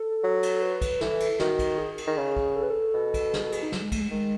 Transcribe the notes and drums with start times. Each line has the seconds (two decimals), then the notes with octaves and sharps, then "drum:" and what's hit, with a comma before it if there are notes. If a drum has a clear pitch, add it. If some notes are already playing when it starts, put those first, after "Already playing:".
Already playing: A4
0.24 F#3
0.43 drum: cymbal
0.62 B4
0.81 drum: kick, cymbal
1.01 E3 A4, drum: snare
1.20 drum: cymbal
1.39 D#3 F#4, drum: snare
1.59 drum: kick, cymbal
1.78 G#4
1.98 drum: cymbal
2.07 D#3
2.18 C#3
2.37 drum: kick
2.56 A4
2.63 B4
2.70 A4
2.94 B2
3.14 drum: kick, cymbal
3.34 G#4, drum: snare
3.44 A4
3.52 G#4, drum: cymbal
3.63 D#4
3.72 F#3, drum: snare
3.82 G#3
3.92 A3, drum: kick, cymbal
4.01 G#3
4.11 D#3 G#3